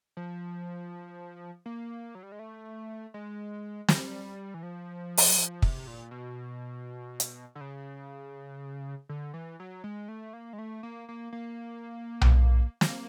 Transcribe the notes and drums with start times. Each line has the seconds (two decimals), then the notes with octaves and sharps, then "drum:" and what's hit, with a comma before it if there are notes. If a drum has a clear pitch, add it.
0.17 F3
1.66 A#3
2.15 F#3
2.23 G3
2.32 G#3
2.39 A3
3.14 G#3
3.88 G3, drum: snare
4.54 E3
4.63 F3
5.17 drum: open hi-hat
5.29 F#3
5.37 F3
5.62 C3, drum: kick
5.87 A#2
6.11 B2
7.20 drum: hi-hat
7.55 D3
7.61 C#3
9.09 D3
9.34 E3
9.60 F#3
9.84 G#3
10.08 A3
10.33 A#3
10.53 G#3
10.59 A3
10.83 A#3
11.09 A#3
11.33 A#3
12.21 drum: tom B1
12.81 A#3, drum: snare